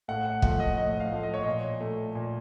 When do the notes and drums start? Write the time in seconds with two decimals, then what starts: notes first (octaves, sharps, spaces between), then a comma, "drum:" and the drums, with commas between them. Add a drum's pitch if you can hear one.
0.08 A2 F#5
0.25 F#5
0.42 F3 A3 F#5, drum: kick
0.60 D#5
0.77 A2 D#5
1.00 F5
1.12 F3 A3
1.23 D#5
1.34 C#5
1.43 A#2 D#5
1.81 A3
2.15 A#2